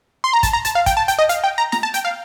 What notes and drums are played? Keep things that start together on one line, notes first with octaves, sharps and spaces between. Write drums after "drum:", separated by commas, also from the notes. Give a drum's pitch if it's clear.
C6
A#5
A5, drum: kick, hi-hat
A#5
A5, drum: hi-hat
F5
G5, drum: kick, hi-hat
A5
G5, drum: hi-hat
D#5
F5, drum: hi-hat
G5
A#5
A#5, drum: snare
A5
G5, drum: hi-hat
F5